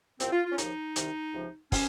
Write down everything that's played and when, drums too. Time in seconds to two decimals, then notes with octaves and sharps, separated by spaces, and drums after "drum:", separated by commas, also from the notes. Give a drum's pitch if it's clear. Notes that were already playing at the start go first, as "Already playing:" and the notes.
0.20 C2 A#2 F3 C4, drum: hi-hat
0.32 F4
0.46 F4
0.52 C#4
0.58 D#2 C#3 F3 D#4, drum: hi-hat
0.96 C2 C3 D#3, drum: hi-hat
1.34 C#2 C3 F3
1.72 C#4, drum: kick, open hi-hat